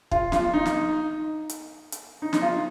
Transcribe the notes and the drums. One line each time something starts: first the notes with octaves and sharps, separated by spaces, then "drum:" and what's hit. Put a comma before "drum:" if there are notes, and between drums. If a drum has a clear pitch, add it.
F4, drum: kick
F4, drum: snare
D#4
drum: snare
drum: hi-hat
drum: hi-hat
D#4
D#4, drum: snare
F4